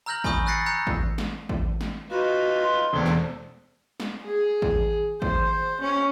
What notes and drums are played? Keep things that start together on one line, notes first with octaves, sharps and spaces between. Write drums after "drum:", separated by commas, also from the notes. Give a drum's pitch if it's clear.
A#5 E6 F6 G6 A#6 F#7
G#5 B5 C#6 D#6 G6, drum: kick A1
E6 F#6 A6 A#6 C7 C#7
A#5 E6 F#6 G6 C#7
drum: kick A1
drum: snare
drum: kick A1
drum: snare
D#4 F4 F#4 B4
C6
E1 E2 C4 D4 A4
drum: snare
drum: snare
G#4
drum: kick A1
C5, drum: kick A1
C#4